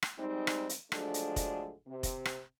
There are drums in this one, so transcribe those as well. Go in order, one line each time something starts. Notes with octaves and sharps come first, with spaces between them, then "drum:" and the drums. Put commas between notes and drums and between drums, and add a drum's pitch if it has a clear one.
drum: rim click
G3 G#3 C4 D#4
drum: rim click
drum: hi-hat
D3 F3 F#3 G#3 A3 D4, drum: rim click
drum: hi-hat
drum: kick F1, hi-hat
C3
drum: kick F1, hi-hat
drum: rim click